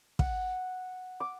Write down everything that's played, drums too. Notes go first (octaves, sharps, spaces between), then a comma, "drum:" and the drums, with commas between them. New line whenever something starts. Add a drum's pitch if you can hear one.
F#5, drum: kick
D6